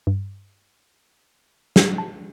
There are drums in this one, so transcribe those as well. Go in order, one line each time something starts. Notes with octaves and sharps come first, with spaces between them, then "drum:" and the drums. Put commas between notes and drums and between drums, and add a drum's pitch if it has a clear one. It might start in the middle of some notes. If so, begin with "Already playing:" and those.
G2
drum: snare
A5